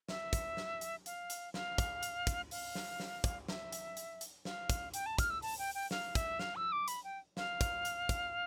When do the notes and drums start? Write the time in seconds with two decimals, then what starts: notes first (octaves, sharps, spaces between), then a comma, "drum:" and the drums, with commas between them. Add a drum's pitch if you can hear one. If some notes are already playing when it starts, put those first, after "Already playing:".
0.09 E5, drum: snare
0.33 drum: kick, hi-hat
0.57 drum: snare
0.81 drum: hi-hat
1.06 F5, drum: hi-hat
1.30 drum: hi-hat
1.54 F5, drum: snare
1.78 drum: kick, hi-hat
2.03 drum: hi-hat
2.27 drum: kick, hi-hat
2.51 F5, drum: open hi-hat
2.75 drum: snare
3.00 drum: snare
3.24 drum: kick, hi-hat
3.48 E5, drum: snare
3.72 drum: hi-hat
3.97 drum: hi-hat
4.21 drum: hi-hat
4.45 F5, drum: snare
4.70 drum: kick, hi-hat
4.94 G5, drum: hi-hat
5.06 A5
5.18 F6, drum: kick, hi-hat
5.30 E6
5.42 A5, drum: open hi-hat
5.59 G5
5.75 G5
5.91 F5, drum: snare
6.15 E5, drum: kick, hi-hat
6.39 F5, drum: snare
6.56 E6
6.72 D6
6.88 B5, drum: hi-hat
7.04 G5
7.37 F5, drum: snare
7.61 drum: kick, hi-hat
7.85 drum: hi-hat
8.09 drum: kick, hi-hat